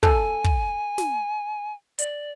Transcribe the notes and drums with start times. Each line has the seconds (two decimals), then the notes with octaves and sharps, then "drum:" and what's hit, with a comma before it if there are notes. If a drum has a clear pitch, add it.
0.03 A4 G#5, drum: kick
0.44 drum: kick
0.98 drum: snare
1.98 D5, drum: hi-hat